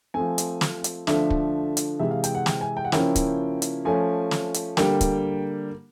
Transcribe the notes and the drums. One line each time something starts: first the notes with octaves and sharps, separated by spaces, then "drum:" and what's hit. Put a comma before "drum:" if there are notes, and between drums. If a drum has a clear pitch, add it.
F3 A3 C4 G#5
drum: hi-hat
drum: snare
drum: hi-hat
D3 F3 A3 D4 E5, drum: snare
drum: kick
drum: hi-hat
C3 E3 G#3 E5
F5
G5, drum: hi-hat
F#5
G5, drum: snare
G#5
G5
F#5
C#3 F3 A#3 C#4 E4 G5, drum: snare
drum: kick, hi-hat
drum: hi-hat
F3 A3 C#4 G#5
drum: snare
drum: hi-hat
D3 G3 A#3 G5, drum: snare
drum: kick, hi-hat